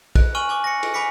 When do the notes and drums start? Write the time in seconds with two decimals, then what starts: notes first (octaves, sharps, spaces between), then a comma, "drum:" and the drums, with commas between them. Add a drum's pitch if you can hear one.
0.15 F#6, drum: kick, cymbal
0.35 G#5 C#6 F6 D#7 F#7
0.49 G#5 C#6 D6
0.64 A#6 C#7
0.83 drum: cymbal
0.94 G#5 B5 D6 B6 C#7